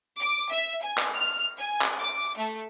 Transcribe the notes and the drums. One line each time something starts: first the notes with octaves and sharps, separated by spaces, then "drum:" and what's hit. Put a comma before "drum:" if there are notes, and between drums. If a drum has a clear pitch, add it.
D6
E5
G#5
drum: clap
F6
G#5
drum: clap
D6
A3